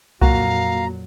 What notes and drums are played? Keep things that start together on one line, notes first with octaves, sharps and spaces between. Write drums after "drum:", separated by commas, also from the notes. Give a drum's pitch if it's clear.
F2 A#2 F#3 A#3 F#4 F5 A#5, drum: kick C2